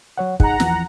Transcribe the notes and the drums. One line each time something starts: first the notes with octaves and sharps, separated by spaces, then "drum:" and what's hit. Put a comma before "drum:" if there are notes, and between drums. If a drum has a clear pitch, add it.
F#3 C#5 F#5
D#4 G#4 F#5 A#5, drum: kick
E2 E3 F3, drum: snare